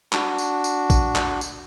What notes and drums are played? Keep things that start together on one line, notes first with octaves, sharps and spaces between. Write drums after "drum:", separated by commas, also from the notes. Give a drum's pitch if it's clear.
D4 F#4, drum: clap
drum: tambourine
drum: tambourine
drum: kick, tambourine
drum: clap
drum: tambourine